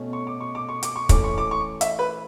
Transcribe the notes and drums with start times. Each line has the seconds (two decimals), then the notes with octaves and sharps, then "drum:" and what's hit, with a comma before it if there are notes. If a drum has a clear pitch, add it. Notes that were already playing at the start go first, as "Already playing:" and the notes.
Already playing: B2 A3 C#4
0.13 C#6
0.27 D6
0.41 C#6
0.55 D6
0.69 C#6
0.83 D6, drum: hi-hat
0.96 C#6
1.09 E3 A3 C#4 D6, drum: kick, hi-hat
1.24 C#6
1.38 D6
1.51 C#6
1.81 E5, drum: hi-hat
1.99 B4